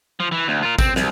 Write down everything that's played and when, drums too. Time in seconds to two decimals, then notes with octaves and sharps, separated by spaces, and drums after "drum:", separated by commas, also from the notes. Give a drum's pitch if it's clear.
0.20 F3
0.32 E3
0.48 D2
0.63 F4 A#4
0.79 C4, drum: kick, tambourine
0.96 C2, drum: snare